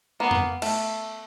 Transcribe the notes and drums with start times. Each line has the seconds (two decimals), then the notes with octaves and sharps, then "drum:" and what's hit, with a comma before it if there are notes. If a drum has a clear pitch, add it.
0.20 A#3 B3
0.31 drum: tom F2
0.62 A3, drum: cymbal